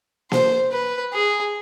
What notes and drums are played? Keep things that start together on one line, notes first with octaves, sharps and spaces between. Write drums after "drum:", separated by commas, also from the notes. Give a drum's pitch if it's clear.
C5, drum: snare A#3
B4
G#4